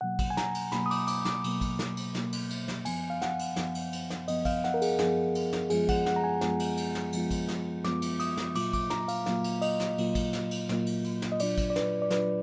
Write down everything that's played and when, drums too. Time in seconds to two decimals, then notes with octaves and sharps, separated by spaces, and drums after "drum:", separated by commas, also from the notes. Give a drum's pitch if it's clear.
0.01 B2 F#3 A#3 F#5
0.19 drum: kick, cymbal
0.30 G#5
0.37 A#5, drum: snare
0.54 drum: cymbal
0.72 B2 F#3 A#3 B5, drum: snare
0.86 D#6
0.91 D6, drum: cymbal
1.07 D6, drum: cymbal
1.25 D6, drum: snare
1.44 B2 F#3 A#3, drum: cymbal
1.61 drum: kick, cymbal
1.79 drum: snare
1.97 drum: cymbal
2.15 B2 F#3 A#3, drum: snare
2.32 drum: cymbal
2.50 drum: cymbal
2.68 drum: snare
2.85 F#2 F3 B3 G#5, drum: cymbal
3.10 F5
3.22 F#5, drum: snare
3.39 drum: cymbal
3.56 F#2 F3 B3, drum: snare
3.75 drum: cymbal
3.93 drum: cymbal
4.10 drum: snare
4.28 F#2 F3 B3 D#5, drum: cymbal
4.45 F5, drum: kick, cymbal
4.64 F#5, drum: snare
4.74 A#4
4.82 G#4, drum: cymbal
4.99 F#2 F3 B3 G#4, drum: snare
5.35 drum: cymbal
5.53 drum: snare
5.70 F#2 F3 G#3 B3 F4 G#4, drum: cymbal
5.89 F#5, drum: kick, cymbal
6.06 F#5, drum: snare
6.16 A#5
6.24 G#5
6.41 F#2 F3 G#3 B3 F4, drum: snare
6.59 drum: cymbal
6.77 drum: cymbal
6.95 drum: snare
7.13 F#2 F3 G#3 B3 F4, drum: cymbal
7.31 drum: kick, cymbal
7.48 drum: snare
7.84 F#2 F3 G#3 B3 F4 D6, drum: snare
8.02 drum: cymbal
8.20 D#6, drum: cymbal
8.37 drum: snare
8.55 A#2 F#3 A#3 F4 D6, drum: cymbal
8.74 D6, drum: kick, cymbal
8.90 A#5, drum: snare
9.08 F5, drum: cymbal
9.26 A#2 F#3 A#3 F4 F5, drum: snare
9.44 drum: cymbal
9.62 D#5, drum: cymbal
9.80 drum: snare
9.98 A#2 F#3 A#3 F4, drum: cymbal
10.15 drum: kick, cymbal
10.33 drum: snare
10.51 drum: cymbal
10.69 A#2 F#3 A#3 F4, drum: snare
10.86 drum: cymbal
11.04 drum: cymbal
11.22 drum: snare
11.32 D#5
11.39 A#2 F#3 D4 F4 D5, drum: cymbal
11.58 drum: kick, cymbal
11.70 D5
11.76 B4, drum: snare
12.02 D5
12.10 A#2 F#3 D4 F4 B4, drum: snare